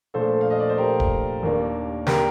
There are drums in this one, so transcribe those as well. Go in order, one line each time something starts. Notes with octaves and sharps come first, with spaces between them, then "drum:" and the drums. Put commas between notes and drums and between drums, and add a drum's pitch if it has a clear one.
A#2 F3 A3 D4 A4 C5
F5
D#5
D5
C5
G4 A#4
drum: kick D1
D#2 D#3 A#3 D4
G4 A#4, drum: snare